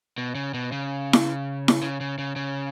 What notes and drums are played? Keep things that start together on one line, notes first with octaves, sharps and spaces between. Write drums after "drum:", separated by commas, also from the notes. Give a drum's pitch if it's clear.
B2
C#3
B2
C#3
drum: snare E4
drum: snare E4
C#3
C#3
C#3
C#3